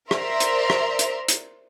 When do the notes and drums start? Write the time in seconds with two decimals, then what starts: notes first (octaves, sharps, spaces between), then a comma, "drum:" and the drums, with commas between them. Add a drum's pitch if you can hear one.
0.11 A#4 C5 D5 E5 A#5 C6, drum: rim click
0.40 drum: hi-hat
0.70 drum: rim click
0.99 drum: hi-hat
1.28 drum: hi-hat